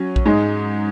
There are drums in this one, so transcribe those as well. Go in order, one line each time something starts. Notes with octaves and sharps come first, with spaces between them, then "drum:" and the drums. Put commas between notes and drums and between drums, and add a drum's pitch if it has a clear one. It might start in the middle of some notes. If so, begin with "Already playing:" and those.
Already playing: F#3 C#4
drum: kick A#1
G#2 G#3 D#4